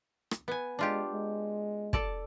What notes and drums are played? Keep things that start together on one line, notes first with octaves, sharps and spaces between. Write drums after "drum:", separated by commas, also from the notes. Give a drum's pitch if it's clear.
drum: rim click
B3 G#5
G#3 D4 F4 G4
G#3
A4 D5 A5, drum: kick